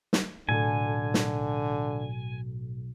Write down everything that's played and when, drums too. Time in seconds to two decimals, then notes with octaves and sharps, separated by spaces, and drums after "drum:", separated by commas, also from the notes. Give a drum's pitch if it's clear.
0.13 drum: snare
0.49 B1 A2 D3 A4 G#5
1.14 drum: snare